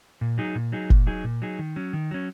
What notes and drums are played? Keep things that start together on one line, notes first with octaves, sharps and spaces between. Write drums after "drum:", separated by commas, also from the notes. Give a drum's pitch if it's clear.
A#2
F#3 D#4 G#4
A#2
F#3 D#4 G#4
A#2, drum: kick
F#3 D#4 G#4
A#2
F#3 D#4 G#4
D#3
F#3 C#4
D#3
F#3 C#4